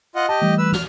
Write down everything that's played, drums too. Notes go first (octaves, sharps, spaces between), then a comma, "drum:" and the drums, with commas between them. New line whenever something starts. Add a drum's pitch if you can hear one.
F4 D#5 F#5
G4 D#5 A5
E3 G3 A3
B4 E6
F6, drum: snare